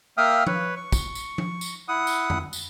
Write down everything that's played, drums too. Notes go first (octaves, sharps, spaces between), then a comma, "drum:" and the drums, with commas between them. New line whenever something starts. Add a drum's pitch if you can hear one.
A#3 E5 F5 G5 D#6 F6
B4 C#5, drum: tom F3
C#6
drum: kick, tambourine
drum: tambourine
drum: tom F3
drum: tambourine
E4 F#5 D#6
drum: tambourine
drum: tom F2
drum: tambourine